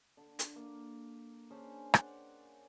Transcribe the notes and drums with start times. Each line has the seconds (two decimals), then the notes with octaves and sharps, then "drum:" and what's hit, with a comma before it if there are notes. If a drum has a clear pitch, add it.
0.17 D3
0.39 drum: hi-hat
0.56 A#3
1.50 C#4 D4 G#4 C5
1.94 D5 F#5 G5, drum: rim click